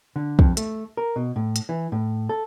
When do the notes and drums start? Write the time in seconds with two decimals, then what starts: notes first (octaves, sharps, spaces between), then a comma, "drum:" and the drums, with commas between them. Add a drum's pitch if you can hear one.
0.16 D3
0.39 F2, drum: kick
0.57 A3, drum: hi-hat
0.97 A#4
1.16 B2
1.36 A2
1.56 drum: hi-hat
1.69 E3
1.92 A2
2.29 A4